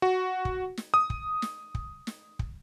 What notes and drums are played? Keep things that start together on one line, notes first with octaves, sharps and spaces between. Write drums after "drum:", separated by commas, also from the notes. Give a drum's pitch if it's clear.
F#4
drum: kick
drum: snare
D#6
drum: kick
drum: snare
drum: kick
drum: snare
drum: kick